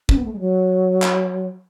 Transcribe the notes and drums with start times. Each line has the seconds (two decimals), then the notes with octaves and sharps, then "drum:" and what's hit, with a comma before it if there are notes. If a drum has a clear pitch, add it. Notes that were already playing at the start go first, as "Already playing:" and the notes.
0.09 C#4, drum: kick
0.17 B3
0.25 A3
0.33 G#3
0.40 F#3
1.02 drum: clap